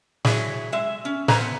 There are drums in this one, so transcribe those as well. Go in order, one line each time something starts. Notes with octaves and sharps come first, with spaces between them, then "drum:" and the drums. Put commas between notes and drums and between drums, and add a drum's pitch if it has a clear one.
F#3 E4 G#4, drum: snare
G#3 E5
C#4
A4 B4 C5 F5 G#5 A#5, drum: snare
B3